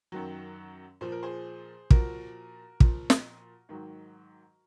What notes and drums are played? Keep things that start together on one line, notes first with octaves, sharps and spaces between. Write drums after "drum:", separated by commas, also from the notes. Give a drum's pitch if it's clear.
F#2 D#3 F#3
A#2 F3 C5
A#4
G#4 C5
A#2 F3 F#4 A#4, drum: kick
A#2 F3, drum: kick
drum: snare
G#2 D#3 F#3